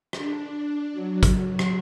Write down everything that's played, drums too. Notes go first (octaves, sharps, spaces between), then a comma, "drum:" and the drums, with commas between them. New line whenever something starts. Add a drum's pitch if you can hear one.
D4, drum: rim click
F#3
drum: kick, hi-hat
drum: rim click